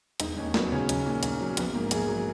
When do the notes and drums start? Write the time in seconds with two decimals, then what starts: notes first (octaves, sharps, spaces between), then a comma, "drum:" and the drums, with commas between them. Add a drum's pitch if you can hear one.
0.20 E1 D#4, drum: hi-hat
0.37 D#2 C#4
0.54 F#3 B3, drum: snare
0.72 C#3 C#4
0.89 B1 C#4, drum: hi-hat
1.06 A#2
1.23 B1, drum: hi-hat
1.41 F#3
1.57 A#1 B3, drum: hi-hat
1.74 G#2 A#3
1.91 A#1 G#4, drum: hi-hat
2.08 F#3